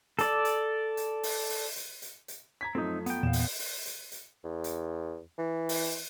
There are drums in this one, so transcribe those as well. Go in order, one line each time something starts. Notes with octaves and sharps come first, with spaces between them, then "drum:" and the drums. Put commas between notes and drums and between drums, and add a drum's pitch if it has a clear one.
A4 D5, drum: hi-hat
drum: hi-hat
drum: hi-hat
drum: open hi-hat
drum: open hi-hat
drum: hi-hat
drum: hi-hat
drum: hi-hat
A#5 G#6 B6
F#2 F3 A3 C4 D#4
B3 G5, drum: hi-hat
E2 A#2 F5 E7
drum: open hi-hat
drum: open hi-hat
drum: hi-hat
drum: hi-hat
E2
drum: hi-hat
E3
drum: open hi-hat